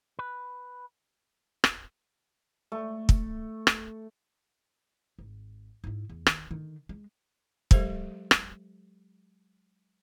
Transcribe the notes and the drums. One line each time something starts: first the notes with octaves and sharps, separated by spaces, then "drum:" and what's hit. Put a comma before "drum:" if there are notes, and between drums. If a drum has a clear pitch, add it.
B4
drum: rim click
A3
drum: kick
drum: rim click
G#1
G#2 E4
E2
D#3, drum: rim click
D3 D#3
G#3
F#3 G#3 G4 A4 A#4 C5, drum: kick
drum: rim click